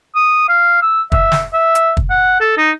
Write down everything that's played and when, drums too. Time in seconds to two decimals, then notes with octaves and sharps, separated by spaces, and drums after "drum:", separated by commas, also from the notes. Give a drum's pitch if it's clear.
0.15 D#6
0.48 F5
0.82 E6
1.12 E5, drum: kick
1.32 drum: snare
1.53 E5
1.75 drum: hi-hat
1.97 drum: kick
2.10 F#5
2.40 A4
2.57 D#4